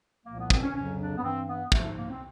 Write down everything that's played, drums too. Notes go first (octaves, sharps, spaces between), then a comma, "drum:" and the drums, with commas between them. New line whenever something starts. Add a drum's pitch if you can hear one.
C2 A#2 F3 A#3
B3
C4, drum: kick
C#4
F2 C#3 F#3 C#4
D4
B3
G2 E3 C4
B3
G#2 F3 A3, drum: kick
A#3
C4